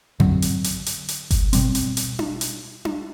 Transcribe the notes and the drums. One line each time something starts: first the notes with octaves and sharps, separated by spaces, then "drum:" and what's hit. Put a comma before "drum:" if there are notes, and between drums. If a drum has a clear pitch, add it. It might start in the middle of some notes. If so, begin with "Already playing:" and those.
D3 F#3 C4, drum: tom F2
drum: hi-hat
drum: hi-hat
drum: hi-hat
drum: hi-hat
drum: kick G1, hi-hat
B2 G3 C4, drum: hi-hat
drum: hi-hat
drum: hi-hat
drum: tom D4
drum: hi-hat
drum: tom D4